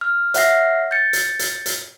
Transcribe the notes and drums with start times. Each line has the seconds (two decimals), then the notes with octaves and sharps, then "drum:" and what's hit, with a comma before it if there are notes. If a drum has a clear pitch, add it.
0.01 F6
0.34 C#5 E5 F#5 F6 A#6 C7, drum: hi-hat
0.91 G6 A6 C#7
1.13 drum: hi-hat
1.39 drum: hi-hat
1.66 drum: hi-hat